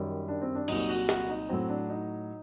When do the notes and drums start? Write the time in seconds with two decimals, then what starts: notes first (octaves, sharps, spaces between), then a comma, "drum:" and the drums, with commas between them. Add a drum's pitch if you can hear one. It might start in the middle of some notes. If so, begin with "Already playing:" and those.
Already playing: F#2 D#3 G3
0.28 D4
0.42 C4
0.55 D4
0.68 C2 A#2 F#3 D#4, drum: cymbal
0.89 F#4
1.09 F#4, drum: snare
1.29 D#4
1.49 A2 F#3 C4
1.69 D4
1.89 D#4